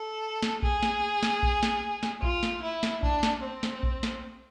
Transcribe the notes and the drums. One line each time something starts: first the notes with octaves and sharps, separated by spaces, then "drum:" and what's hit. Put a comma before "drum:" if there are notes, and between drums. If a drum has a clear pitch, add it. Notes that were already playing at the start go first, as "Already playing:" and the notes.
Already playing: A4
drum: snare
G#4, drum: kick A#1
drum: snare
drum: snare
drum: kick A#1
drum: snare
drum: snare
F4, drum: kick A#1
drum: snare
E4
drum: snare
D4, drum: kick A#1
drum: snare
C4
drum: snare
drum: kick A#1
drum: snare